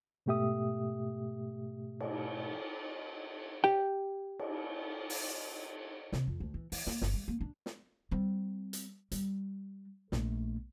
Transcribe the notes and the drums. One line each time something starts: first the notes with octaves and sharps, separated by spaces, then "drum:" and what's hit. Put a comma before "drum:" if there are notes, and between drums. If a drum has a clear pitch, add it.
G#2 B2 A3 G4 E5 D#6
drum: cymbal
G4 G5
drum: cymbal
drum: open hi-hat
C3, drum: snare
F2
D2
E3
E3, drum: open hi-hat
A#3, drum: snare
G1, drum: snare
G3
A#3
D4
drum: snare
G3 C4
drum: hi-hat
G3, drum: hi-hat
A#1 A3, drum: snare